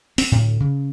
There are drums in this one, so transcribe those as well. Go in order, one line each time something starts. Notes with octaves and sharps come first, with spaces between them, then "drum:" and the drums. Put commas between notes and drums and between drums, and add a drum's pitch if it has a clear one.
C4, drum: open hi-hat
D2 A2
C#3